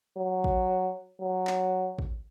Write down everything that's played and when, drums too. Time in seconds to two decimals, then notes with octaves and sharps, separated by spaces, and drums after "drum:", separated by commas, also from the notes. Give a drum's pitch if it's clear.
0.18 F#3
0.44 drum: kick
1.22 F#3
1.47 drum: clap
1.99 drum: kick